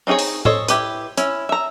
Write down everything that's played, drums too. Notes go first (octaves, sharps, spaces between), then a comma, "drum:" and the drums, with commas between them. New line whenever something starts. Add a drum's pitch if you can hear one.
C4 D#4 F#4 G#4 C#5
drum: open hi-hat
A4 C5 C#5 D#5, drum: tom A2
E4 G4 B4, drum: hi-hat
C#4 E4, drum: hi-hat
E5 A#5